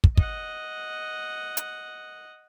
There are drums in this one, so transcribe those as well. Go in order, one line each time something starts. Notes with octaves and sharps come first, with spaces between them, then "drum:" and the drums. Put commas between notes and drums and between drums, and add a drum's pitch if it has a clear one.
drum: kick
D#5 F#5, drum: kick
drum: hi-hat